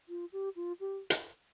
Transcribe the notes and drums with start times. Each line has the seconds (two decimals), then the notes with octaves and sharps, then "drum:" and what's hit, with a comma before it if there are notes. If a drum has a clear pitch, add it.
0.09 F4
0.32 G4
0.56 F4
0.80 G4
1.10 drum: hi-hat